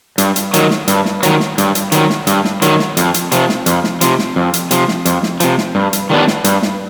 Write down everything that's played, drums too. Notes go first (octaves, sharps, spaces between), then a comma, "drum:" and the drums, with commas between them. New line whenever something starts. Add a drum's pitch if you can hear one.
G2, drum: hi-hat
drum: hi-hat
D#3 F#3, drum: hi-hat
drum: snare
G2, drum: hi-hat
drum: snare
D#3 F#3, drum: hi-hat
drum: snare
G2, drum: hi-hat
drum: hi-hat
D#3 F#3, drum: hi-hat
drum: snare
G2, drum: hi-hat
drum: snare
D#3 F#3, drum: hi-hat
drum: snare
F2, drum: hi-hat
drum: hi-hat
C3 F3, drum: hi-hat
drum: snare
F2, drum: hi-hat
drum: snare
C3 F3, drum: hi-hat
drum: snare
F2
drum: hi-hat
C3 F3, drum: hi-hat
drum: snare
F2, drum: hi-hat
drum: snare
C3 F3, drum: hi-hat
drum: snare
G2
drum: hi-hat
D#3 G3 B3 D4
drum: snare
G2, drum: hi-hat
drum: snare